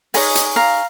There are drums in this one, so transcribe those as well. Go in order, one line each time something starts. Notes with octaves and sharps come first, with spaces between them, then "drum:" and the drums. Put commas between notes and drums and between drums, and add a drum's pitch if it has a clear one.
D#4 G#4 C#5 D#5 G#5, drum: open hi-hat
drum: hi-hat
F5 A#5